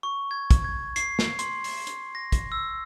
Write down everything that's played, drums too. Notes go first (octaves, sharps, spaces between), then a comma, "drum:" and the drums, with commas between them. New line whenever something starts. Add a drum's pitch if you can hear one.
C#6
G#6
drum: kick, hi-hat
G#6
C7, drum: hi-hat
drum: snare
C6, drum: hi-hat
drum: open hi-hat
drum: hi-hat
A#6
drum: kick, hi-hat
E6